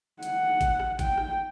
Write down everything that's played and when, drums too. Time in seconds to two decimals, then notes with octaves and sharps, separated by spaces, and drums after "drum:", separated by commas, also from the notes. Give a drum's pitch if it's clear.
0.23 F#5, drum: hi-hat
0.61 drum: kick G#1, hi-hat
0.80 drum: rim click
0.99 G5, drum: kick G#1, hi-hat
1.18 drum: rim click